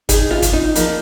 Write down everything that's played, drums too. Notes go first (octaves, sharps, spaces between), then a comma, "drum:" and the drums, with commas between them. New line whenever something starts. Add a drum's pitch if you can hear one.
D#4 G#4, drum: kick, hi-hat
F4
drum: kick, hi-hat
D#4
F3 A#3 D#4, drum: hi-hat